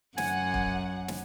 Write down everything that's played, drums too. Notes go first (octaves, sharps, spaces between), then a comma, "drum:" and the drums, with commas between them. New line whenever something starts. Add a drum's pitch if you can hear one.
F#2 F#5 G#5, drum: snare
drum: kick
drum: snare